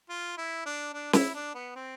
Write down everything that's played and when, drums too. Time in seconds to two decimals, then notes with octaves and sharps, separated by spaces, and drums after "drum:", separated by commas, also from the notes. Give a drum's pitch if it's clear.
0.10 F4
0.38 E4
0.66 D4
0.93 D4
1.13 E4, drum: snare
1.34 D4
1.55 B3
1.75 C4